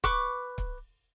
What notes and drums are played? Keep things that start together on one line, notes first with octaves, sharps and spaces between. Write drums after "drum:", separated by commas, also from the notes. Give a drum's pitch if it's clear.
B4 C#6 D6, drum: kick C#1
drum: kick C#1